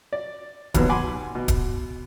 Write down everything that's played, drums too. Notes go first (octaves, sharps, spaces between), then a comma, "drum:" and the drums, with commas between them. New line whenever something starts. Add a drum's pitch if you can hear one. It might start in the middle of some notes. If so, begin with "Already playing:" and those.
D5
G#1 D#2 B2 F#3 B3, drum: kick D1, hi-hat
F#5 G#5 B5 C6 D6
B2
drum: kick D1, hi-hat